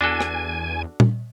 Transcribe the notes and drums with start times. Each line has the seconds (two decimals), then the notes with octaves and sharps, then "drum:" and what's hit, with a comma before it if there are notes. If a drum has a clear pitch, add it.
0.01 E2 D4 F#4 A4 G#5
0.21 drum: rim click
1.00 drum: tom A#2